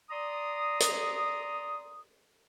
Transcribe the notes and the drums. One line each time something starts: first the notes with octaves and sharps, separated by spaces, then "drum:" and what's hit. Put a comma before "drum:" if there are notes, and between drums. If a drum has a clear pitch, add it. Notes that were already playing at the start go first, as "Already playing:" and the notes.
D5 A#5 C6 D#6
drum: hi-hat